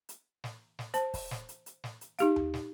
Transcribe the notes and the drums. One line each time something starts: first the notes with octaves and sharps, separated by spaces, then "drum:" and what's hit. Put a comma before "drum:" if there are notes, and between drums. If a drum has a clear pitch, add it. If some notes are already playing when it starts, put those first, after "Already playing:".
drum: hi-hat
drum: snare
drum: snare
C5 A5, drum: hi-hat
drum: kick, open hi-hat
drum: snare
drum: hi-hat
drum: hi-hat
drum: snare
drum: hi-hat
D#4 G4 F5, drum: hi-hat
drum: tom D#2
drum: snare